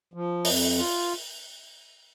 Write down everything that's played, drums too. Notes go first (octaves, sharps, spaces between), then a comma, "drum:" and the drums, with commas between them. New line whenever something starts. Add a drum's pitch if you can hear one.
F3
F2, drum: open hi-hat
F4